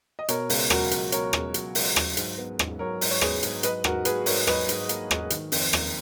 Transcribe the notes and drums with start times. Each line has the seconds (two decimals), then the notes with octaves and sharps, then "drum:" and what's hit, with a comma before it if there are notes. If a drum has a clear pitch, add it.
0.19 D#5
0.28 B2 A#4 C#5, drum: hi-hat
0.50 C#2, drum: open hi-hat
0.70 F#3 F#4 A#4, drum: rim click
0.91 C#2, drum: hi-hat
1.12 B2 A#4 C#5, drum: hi-hat
1.33 C#2, drum: rim click
1.54 F#3, drum: hi-hat
1.75 C#2, drum: open hi-hat
1.96 F#3, drum: rim click
2.17 G#2, drum: hi-hat
2.38 B3
2.59 G#2, drum: rim click
2.79 F#3 A#4 C#5
3.01 G#2, drum: open hi-hat
3.11 C#5
3.21 B3 G#4 B4, drum: rim click
3.43 G#2, drum: hi-hat
3.63 F#3 B4 D#5, drum: hi-hat
3.84 G#2 F#4 A#4, drum: rim click
4.05 A#3 G#4 B4, drum: hi-hat
4.26 G#2 A#4 C#5, drum: open hi-hat
4.47 F#3 B4 D#5, drum: rim click
4.69 G#2, drum: hi-hat
4.89 A#3, drum: hi-hat
5.11 G#2, drum: rim click
5.30 D#3, drum: hi-hat
5.52 F2, drum: open hi-hat
5.73 A#3, drum: rim click